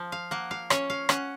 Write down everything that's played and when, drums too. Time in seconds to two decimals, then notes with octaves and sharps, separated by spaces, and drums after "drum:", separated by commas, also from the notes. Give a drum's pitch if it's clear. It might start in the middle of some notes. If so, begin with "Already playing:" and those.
Already playing: F3
0.12 F5
0.31 A#3 F#5
0.51 F5
0.70 C#4 C#5, drum: rim click
0.90 F5
1.09 C#4 F#5, drum: rim click